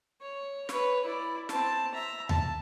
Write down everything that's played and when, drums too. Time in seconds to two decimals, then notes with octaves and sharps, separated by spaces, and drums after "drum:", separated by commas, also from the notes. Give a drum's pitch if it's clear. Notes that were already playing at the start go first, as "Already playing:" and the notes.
0.21 C#5
0.69 B4 C#5, drum: snare
1.05 E4 D5
1.49 C4 A5, drum: snare
1.94 E5 A#5
2.29 A5, drum: tom D#2